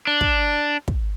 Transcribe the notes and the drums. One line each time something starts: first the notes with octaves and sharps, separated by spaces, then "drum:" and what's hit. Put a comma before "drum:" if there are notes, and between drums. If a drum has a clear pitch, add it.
D4
drum: kick
drum: kick